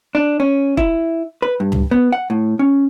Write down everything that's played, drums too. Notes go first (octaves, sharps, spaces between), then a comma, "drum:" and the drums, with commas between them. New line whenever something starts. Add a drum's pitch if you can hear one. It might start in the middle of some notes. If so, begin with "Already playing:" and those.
D4
C#4
E4, drum: kick E1
B4
G2
drum: tom C#2
B3
F#5
A2
C#4